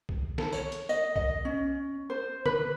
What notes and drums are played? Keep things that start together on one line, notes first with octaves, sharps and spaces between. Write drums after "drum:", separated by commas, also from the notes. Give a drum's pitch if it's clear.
drum: kick B1
A4, drum: snare
C#5, drum: tambourine
drum: hi-hat
D#5, drum: tambourine
D#5, drum: kick B1
C#4
C5
B4, drum: tom D3